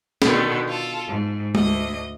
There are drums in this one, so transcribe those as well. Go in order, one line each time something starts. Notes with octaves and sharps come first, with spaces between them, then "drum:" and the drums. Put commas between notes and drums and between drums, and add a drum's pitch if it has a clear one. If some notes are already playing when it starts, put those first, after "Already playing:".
B2 D3 D#3 B3, drum: snare
F4 A4
G#2
D2 D#5, drum: tom G#3